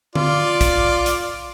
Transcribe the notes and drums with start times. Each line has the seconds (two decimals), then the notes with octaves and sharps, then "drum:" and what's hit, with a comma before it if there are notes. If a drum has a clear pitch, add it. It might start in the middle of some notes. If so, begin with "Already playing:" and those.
0.15 F4 D5, drum: tom D3
0.61 drum: kick, hi-hat
1.06 drum: hi-hat